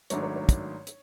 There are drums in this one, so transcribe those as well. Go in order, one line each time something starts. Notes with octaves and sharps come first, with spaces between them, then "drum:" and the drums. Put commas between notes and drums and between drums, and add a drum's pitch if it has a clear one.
G#1 G#2 F#3 A3 D4 C#5, drum: hi-hat
C#5
C#5
drum: kick, hi-hat
drum: hi-hat